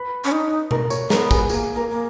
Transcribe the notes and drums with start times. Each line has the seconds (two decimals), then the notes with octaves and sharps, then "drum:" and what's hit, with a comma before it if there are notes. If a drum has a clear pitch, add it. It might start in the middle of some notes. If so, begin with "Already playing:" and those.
Already playing: B4 B5
0.24 C#4
0.32 D#4
0.71 A#4 A#5, drum: tom B2
0.90 C#5 C#6, drum: tambourine
1.10 B3 A#4 A#5, drum: snare
1.31 G#4 G#5, drum: kick, tambourine
1.49 A#3 G#4 G#5, drum: tambourine
1.74 A#3 A#4 A#5
1.90 A#3